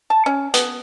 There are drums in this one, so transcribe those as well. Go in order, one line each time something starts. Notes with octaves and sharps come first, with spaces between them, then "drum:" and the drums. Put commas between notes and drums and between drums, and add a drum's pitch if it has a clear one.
A5
C#4
B3, drum: hi-hat